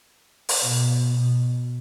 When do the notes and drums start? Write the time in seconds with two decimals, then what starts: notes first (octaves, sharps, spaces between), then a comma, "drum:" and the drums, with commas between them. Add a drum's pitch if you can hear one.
0.49 drum: open hi-hat
0.63 B2